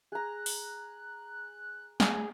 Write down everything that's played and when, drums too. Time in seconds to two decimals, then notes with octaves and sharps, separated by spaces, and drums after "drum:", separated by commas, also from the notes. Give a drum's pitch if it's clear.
0.12 G#4 A#5 F#6
0.46 drum: open hi-hat
2.00 A3 G#4 G#5, drum: snare